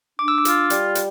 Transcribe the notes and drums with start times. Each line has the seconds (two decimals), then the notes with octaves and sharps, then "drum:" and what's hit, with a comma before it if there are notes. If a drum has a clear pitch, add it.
0.19 D4 D6
0.28 E6
0.38 D6
0.45 F4, drum: hi-hat
0.70 G3, drum: hi-hat
0.95 drum: hi-hat